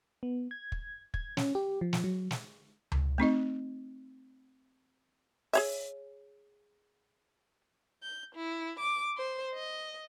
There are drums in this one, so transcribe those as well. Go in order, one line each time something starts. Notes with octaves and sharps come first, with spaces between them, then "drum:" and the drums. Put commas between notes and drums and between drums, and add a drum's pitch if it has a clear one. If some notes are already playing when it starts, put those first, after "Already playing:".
B3
G#6
drum: kick
G#6, drum: kick
C#4, drum: snare
G4
F3
drum: snare
F#3
drum: snare
drum: tom C#2
A3 C4 D#4 D#5
G#4 C#5 E5, drum: open hi-hat
G6
E4
D6
C5
D#5